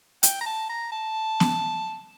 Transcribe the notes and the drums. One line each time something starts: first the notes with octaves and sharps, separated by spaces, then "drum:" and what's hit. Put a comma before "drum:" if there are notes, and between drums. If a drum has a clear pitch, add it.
G5, drum: hi-hat
A#5
A5
A#5
A5
drum: snare B3